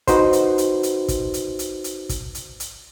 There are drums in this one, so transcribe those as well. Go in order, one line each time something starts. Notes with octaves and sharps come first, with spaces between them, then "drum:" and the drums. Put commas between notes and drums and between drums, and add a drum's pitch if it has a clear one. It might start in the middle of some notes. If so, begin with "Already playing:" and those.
D#4 F#4 B4 C5, drum: kick, hi-hat
drum: hi-hat
drum: hi-hat
drum: hi-hat
drum: kick, hi-hat
drum: hi-hat
drum: hi-hat
drum: hi-hat
drum: kick, hi-hat
drum: hi-hat
drum: hi-hat